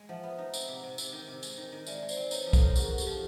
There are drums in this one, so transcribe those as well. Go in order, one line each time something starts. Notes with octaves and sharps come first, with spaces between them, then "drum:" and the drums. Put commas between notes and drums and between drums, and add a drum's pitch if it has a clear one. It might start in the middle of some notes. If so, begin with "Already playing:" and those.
Already playing: G#3
F3 E5 F#5
B3
D#4
C4, drum: tambourine
C3
C3
C3, drum: tambourine
D#3
C3
G#3, drum: tambourine
D#3
D#3
G#3 D5 E5, drum: tambourine
G#3
C5 D5, drum: tambourine
C4
D#4 B4 C#5, drum: tambourine
F3 C5
A4 B4, drum: kick B1, tambourine
D#4
F#4 G#4 A#4, drum: tambourine
F#4
G4 A4, drum: tambourine
F3